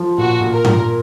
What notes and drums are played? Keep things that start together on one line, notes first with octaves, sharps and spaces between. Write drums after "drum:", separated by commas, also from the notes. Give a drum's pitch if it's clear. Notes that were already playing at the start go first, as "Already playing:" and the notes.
Already playing: F3
A#2 F#4
A#2
A#4
A#2, drum: tom G#2